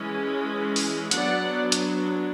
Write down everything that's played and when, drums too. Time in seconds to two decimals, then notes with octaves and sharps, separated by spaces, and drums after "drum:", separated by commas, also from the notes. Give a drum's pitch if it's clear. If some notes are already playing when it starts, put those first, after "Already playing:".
Already playing: E3 G#3 C#4
0.76 drum: open hi-hat
1.11 F#3 B3 D4 D5 F#5, drum: hi-hat
1.72 drum: hi-hat